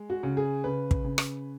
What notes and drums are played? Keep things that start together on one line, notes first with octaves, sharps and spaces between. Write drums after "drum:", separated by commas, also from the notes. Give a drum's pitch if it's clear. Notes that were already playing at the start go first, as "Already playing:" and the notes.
Already playing: G#3
F#4
C#3
G#4
C#3 B4
drum: kick
C#3
drum: rim click